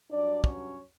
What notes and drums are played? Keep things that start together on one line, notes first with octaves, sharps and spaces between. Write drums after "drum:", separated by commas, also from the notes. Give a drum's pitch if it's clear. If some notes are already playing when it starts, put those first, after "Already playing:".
G2 F#3 D4 D5
C#4 C#5, drum: kick